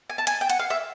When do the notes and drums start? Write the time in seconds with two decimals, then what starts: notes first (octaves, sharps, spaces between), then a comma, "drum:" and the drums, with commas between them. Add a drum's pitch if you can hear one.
0.10 G#5
0.18 A5
0.27 G#5, drum: hi-hat
0.41 G5
0.50 F#5, drum: hi-hat
0.59 F5
0.70 E5